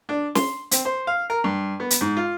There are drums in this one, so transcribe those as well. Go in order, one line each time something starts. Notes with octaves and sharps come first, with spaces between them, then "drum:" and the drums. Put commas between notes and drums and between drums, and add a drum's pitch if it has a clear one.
D4
C6, drum: snare
C4, drum: hi-hat
C5
F5
A#4
G2
B3
drum: hi-hat
G#2
F4